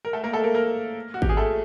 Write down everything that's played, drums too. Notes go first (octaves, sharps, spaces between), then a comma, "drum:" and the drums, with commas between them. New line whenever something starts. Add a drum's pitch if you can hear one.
A#4
A3 A4
A#3 A#4
A3 A4
A#3 A#4
A#3 A#4
F#4
G4, drum: kick G#1
G#4
A3 A4